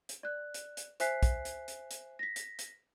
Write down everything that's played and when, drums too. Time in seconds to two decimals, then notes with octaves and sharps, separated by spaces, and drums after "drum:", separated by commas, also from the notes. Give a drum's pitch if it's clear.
0.09 drum: hi-hat
0.23 D5 F#6
0.54 drum: hi-hat
0.77 drum: hi-hat
1.00 C5 E5 G#5 F#6 B6 C7, drum: hi-hat
1.23 drum: kick, hi-hat
1.45 drum: hi-hat
1.68 drum: hi-hat
1.91 drum: hi-hat
2.19 A#6 B6
2.36 drum: hi-hat
2.59 drum: hi-hat